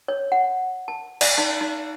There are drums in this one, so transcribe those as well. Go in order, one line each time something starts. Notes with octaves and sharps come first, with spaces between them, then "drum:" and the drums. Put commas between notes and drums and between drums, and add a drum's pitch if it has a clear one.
C#5
F#5
A5
D5, drum: cymbal
D#4
D#4